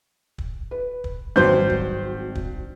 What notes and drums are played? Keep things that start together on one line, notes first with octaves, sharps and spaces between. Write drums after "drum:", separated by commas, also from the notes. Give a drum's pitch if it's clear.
drum: kick
B4
drum: kick
G#1 G2 F#3 C5 G6
drum: kick
drum: kick